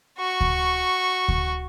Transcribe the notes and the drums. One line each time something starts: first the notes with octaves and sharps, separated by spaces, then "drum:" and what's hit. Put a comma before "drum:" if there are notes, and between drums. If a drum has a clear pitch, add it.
F#4 C#6
drum: kick D2
drum: kick D2